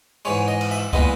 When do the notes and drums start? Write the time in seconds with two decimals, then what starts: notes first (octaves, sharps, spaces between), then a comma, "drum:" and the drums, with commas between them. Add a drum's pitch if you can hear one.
0.25 G#2 E3 G#3 C#5
0.48 D#5
0.61 drum: cymbal
0.71 E5
0.93 A#2 G#3 B3 E4 D#5, drum: kick